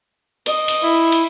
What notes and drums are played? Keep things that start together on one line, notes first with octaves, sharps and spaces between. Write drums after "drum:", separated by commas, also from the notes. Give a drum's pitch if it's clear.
D#5, drum: cymbal
drum: cymbal
E4
drum: cymbal